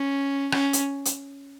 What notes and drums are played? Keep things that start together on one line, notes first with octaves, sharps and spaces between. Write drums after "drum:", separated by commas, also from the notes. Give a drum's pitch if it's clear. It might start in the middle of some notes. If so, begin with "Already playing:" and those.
Already playing: C#4
C#4, drum: rim click
drum: hi-hat
drum: hi-hat